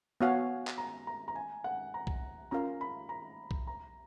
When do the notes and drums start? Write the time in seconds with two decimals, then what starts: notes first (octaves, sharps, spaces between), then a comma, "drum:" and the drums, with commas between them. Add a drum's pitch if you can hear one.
0.21 B3 F#4 C#5 F5 G#5
0.67 drum: clap
0.78 A#5
1.07 A#5
1.28 A#5
1.35 G#5
1.64 F#5
1.94 A#5
2.07 drum: kick B1
2.51 C#4 F4 A#4 F5 A#5
2.81 B5
3.09 A#5
3.51 drum: kick B1
3.67 A#5